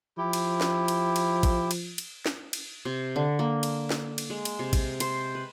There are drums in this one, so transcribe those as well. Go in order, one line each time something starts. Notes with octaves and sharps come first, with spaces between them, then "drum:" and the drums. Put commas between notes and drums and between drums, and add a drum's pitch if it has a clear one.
F3 E4 G4
drum: cymbal
drum: snare
drum: cymbal
drum: cymbal
drum: kick, cymbal
drum: cymbal
drum: cymbal
drum: snare
drum: cymbal
C3
D3
A#3
drum: cymbal
drum: snare
drum: cymbal
G#3
drum: cymbal
C3
drum: kick, cymbal
C5, drum: cymbal
B4